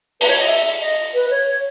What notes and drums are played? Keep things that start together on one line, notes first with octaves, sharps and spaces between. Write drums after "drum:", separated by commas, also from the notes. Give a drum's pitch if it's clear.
B4, drum: open hi-hat
C#5
D#5
E5
D#5
B4
C#5
C#5